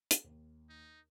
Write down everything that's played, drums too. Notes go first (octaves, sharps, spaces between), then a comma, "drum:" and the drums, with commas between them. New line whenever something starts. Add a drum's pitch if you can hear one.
drum: hi-hat
D#2
D#4